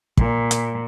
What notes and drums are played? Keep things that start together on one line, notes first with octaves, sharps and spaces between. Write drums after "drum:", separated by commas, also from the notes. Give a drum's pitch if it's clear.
A#2, drum: kick
drum: hi-hat